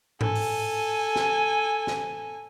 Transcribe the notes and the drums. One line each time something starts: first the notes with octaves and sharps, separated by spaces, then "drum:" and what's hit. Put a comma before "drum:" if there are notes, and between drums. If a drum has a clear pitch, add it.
A4 G#5, drum: tom G#2
drum: open hi-hat
drum: snare
drum: snare